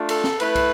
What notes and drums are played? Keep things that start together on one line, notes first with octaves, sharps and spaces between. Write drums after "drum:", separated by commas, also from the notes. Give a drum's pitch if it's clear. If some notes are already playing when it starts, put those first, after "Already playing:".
Already playing: A3 D4 F4
A4, drum: cymbal
drum: snare
A3 E4 B4, drum: cymbal
drum: kick, cymbal